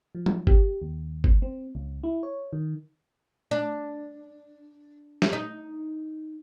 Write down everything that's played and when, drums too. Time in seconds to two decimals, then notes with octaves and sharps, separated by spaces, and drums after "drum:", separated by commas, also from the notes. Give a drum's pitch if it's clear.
0.15 F3
0.26 drum: tom F#3
0.47 G4, drum: kick G1
0.82 D#2
1.24 drum: kick G1
1.42 C4
1.75 C#2
2.04 E4
2.23 C#5
2.53 D#3
3.51 D4
5.22 drum: snare
5.33 D#4